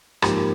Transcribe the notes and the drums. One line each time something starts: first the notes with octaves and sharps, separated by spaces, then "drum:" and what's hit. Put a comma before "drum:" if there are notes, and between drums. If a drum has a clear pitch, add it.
G#2 F3 A#3 G4, drum: rim click